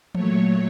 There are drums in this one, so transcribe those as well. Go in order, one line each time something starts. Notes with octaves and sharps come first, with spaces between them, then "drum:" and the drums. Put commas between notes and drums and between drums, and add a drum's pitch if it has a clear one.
A#2 F#3 A3 C#5, drum: tom E3